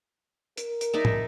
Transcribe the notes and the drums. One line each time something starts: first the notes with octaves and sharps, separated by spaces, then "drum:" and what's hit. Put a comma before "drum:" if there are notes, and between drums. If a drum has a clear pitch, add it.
A#4, drum: hi-hat
drum: hi-hat
D#4 D5 E5
drum: tom